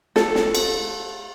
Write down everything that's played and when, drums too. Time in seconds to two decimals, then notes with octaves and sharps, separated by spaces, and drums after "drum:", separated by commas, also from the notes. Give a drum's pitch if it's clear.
0.16 A4, drum: snare
0.35 drum: snare
0.55 drum: cymbal